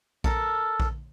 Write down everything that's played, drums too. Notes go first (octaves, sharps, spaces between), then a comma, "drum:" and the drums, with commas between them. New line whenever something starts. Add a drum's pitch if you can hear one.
A4 A#4, drum: kick A#1
drum: kick A#1